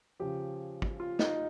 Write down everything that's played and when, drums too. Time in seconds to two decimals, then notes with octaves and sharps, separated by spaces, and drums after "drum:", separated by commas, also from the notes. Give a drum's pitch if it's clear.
0.20 C#3 F3 G4
0.82 drum: kick
1.00 F4
1.19 D#4, drum: snare